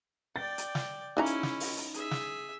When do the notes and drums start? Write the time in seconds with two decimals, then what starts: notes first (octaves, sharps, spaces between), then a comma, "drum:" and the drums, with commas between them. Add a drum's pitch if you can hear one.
0.36 D5 G5 A6
0.58 drum: hi-hat
0.75 drum: snare
1.17 C#3 E3 C#4 D#4 E4 A#5
1.26 drum: hi-hat
1.43 drum: snare
1.60 drum: open hi-hat
1.77 drum: hi-hat
1.94 G#4 E5, drum: hi-hat
2.11 drum: snare